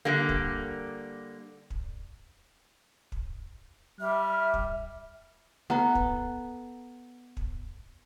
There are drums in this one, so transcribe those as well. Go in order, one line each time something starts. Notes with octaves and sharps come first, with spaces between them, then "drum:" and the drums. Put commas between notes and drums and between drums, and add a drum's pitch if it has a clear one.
D3 G3 A#3
drum: kick
drum: kick
drum: kick
G3 E5 F6
drum: kick
B3 A4 F#5 A#5
drum: kick
drum: kick